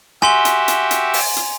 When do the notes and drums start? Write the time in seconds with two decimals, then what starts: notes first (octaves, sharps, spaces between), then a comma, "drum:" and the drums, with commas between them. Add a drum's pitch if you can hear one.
0.22 F#4 G4 E5 G#5 C6 G7, drum: rim click
0.45 drum: hi-hat
0.68 drum: hi-hat
0.91 drum: hi-hat
1.14 drum: open hi-hat
1.36 drum: hi-hat